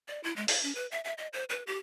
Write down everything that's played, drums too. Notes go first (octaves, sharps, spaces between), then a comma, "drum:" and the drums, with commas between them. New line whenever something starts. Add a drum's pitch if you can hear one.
D5
E4
G#3
F5, drum: open hi-hat
C#4
B4
E5
E5
D#5
C5
B4
G4